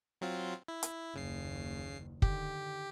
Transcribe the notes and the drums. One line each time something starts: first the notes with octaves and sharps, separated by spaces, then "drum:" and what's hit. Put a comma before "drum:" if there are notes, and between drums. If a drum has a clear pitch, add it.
F#3 C4 F4
E4
drum: hi-hat
F#1 D#2 C#3 C7
D3 D#3 G4, drum: kick